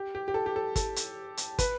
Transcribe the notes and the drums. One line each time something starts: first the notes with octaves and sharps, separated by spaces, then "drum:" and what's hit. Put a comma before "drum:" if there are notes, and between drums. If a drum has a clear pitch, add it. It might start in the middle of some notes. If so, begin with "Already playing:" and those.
Already playing: G4
G4
G4
A4
G4
A4
A4, drum: kick, hi-hat
drum: hi-hat
drum: hi-hat
B4, drum: kick, hi-hat